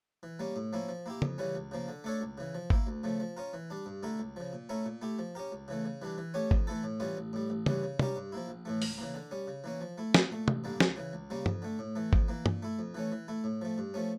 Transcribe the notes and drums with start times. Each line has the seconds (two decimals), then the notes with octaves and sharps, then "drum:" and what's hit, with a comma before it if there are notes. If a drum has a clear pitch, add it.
0.23 E3
0.39 G3 A#3 C#4
0.56 A2
0.73 F3 A#3 C#4 E4
0.89 F3
1.06 A#3 E4 G4
1.22 F2, drum: tom C#3
1.38 C#3 E3 G3 C#4
1.55 C#2
1.71 C#3 F3 A#3
1.88 D3
2.04 A3 D4 A4 C#5
2.21 C#2
2.38 C#3 E3
2.55 F3
2.70 A#3 E4, drum: kick G#1
2.87 D2
3.04 C#3 F3 A3
3.20 F3
3.37 C#4 F4 A#4
3.53 E3
3.70 G3 D4
3.86 G2
4.03 D3 A3 E4 A#4
4.19 C#2
4.36 C#3 F3
4.53 A#2
4.69 A3 C#4 E4 A#4
4.86 A#2
5.01 A3 E4 G4
5.19 F3
5.35 C#4 G4 A#4
5.52 C#2
5.68 C#3 E3 A3
5.85 C#3
6.02 E3 G3 D4
6.18 E3
6.34 A3 C#4 G4 C#5
6.51 F2, drum: kick G#1
6.67 E3 A3 E4 A4
6.84 A2
7.00 E3 G3 C#4 F4
7.17 A1
7.33 A2 G3
7.50 A1
7.66 G2 E3 G3 C#4, drum: tom C#3
7.83 C#3
7.99 G3 C#4 G4 A#4, drum: tom
8.16 G2
8.32 F3 A#3 E4
8.48 A#1
8.65 A2 E3 A3
8.82 C#2, drum: open hi-hat
8.98 C#3 E3 A#3
9.14 D3
9.31 G3 C#4
9.47 C#3
9.64 E3 A#3 C#4
9.81 F3
9.98 A3 E4
10.14 A#1, drum: snare
10.31 A#2 A3
10.48 A1, drum: tom
10.64 G2 D3 G3 A#3
10.80 C#2, drum: snare
10.96 C#3 E3
11.13 C#2
11.30 C#3 G3 A#3 C#4
11.46 F2, drum: tom G2
11.62 D3 A3
11.79 A2
11.96 E3 A3
12.13 F2, drum: kick G#1
12.28 E3 A#3
12.46 A#2, drum: tom G2
12.62 A3 E4
12.79 F2
12.95 E3 A3 C#4
13.12 E3
13.28 A3 E4
13.44 A2
13.61 F3 A3
13.78 G2
13.94 F3 A3 C#4